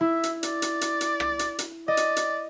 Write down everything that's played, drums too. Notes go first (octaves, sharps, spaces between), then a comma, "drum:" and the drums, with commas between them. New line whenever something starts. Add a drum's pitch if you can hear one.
E4 E5
drum: hi-hat
D5, drum: hi-hat
drum: hi-hat
drum: hi-hat
drum: hi-hat
drum: rim click
drum: hi-hat
drum: hi-hat
D5 D#5
drum: hi-hat
drum: hi-hat